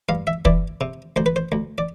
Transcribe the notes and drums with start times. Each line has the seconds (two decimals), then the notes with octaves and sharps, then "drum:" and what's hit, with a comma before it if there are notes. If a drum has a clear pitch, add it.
0.09 G2 F5
0.27 E5
0.45 E3 D5, drum: kick
0.81 C3
1.16 D2 C5
1.26 B4
1.36 C5
1.52 D2
1.78 D5